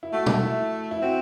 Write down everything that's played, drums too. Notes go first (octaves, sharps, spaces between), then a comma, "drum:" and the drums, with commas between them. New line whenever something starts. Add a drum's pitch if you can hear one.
E4
A3 F#4
drum: tom
E4
E4
C4 F#4